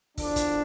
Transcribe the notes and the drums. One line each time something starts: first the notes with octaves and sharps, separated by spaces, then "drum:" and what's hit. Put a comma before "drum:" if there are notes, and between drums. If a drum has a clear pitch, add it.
E2 D3 F3 D4, drum: kick, open hi-hat
drum: kick, hi-hat